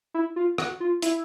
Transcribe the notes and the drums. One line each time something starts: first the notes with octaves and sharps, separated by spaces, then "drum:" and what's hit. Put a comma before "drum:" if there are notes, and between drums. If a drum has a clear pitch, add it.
E4
F4
F#4, drum: rim click
F4
E4, drum: hi-hat